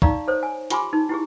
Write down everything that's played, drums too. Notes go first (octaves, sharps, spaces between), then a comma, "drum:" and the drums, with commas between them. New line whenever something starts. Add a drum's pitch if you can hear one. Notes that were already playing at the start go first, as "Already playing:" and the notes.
D#4 D5 F5 A#5 C#6, drum: kick
A4 C5 C#5
G#5
F4 G4 G#5 B5 C6 D6, drum: hi-hat
D#4
E4 G4 G#4